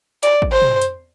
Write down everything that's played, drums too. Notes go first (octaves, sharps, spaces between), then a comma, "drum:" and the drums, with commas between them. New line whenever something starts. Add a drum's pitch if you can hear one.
D5, drum: hi-hat
drum: kick
C5
drum: tom
drum: hi-hat